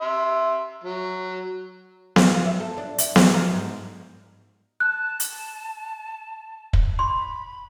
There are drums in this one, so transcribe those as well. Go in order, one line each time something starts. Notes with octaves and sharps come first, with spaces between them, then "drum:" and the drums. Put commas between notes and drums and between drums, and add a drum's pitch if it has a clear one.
E5 C6
F#3
F4, drum: snare B3
E5
A4
D4
E4, drum: hi-hat
G4, drum: snare B3
A#4
G#2
A5 F#6
drum: hi-hat
drum: kick
B5 C6